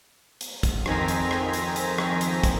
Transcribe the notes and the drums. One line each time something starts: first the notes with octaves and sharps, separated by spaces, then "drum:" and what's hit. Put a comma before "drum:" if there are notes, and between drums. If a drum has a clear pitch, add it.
drum: hi-hat
drum: kick, hi-hat
F2 D#3 C4 G#5 A#5 B6, drum: rim click
drum: hi-hat
drum: rim click
drum: hi-hat
drum: hi-hat
drum: rim click
drum: hi-hat
drum: kick, hi-hat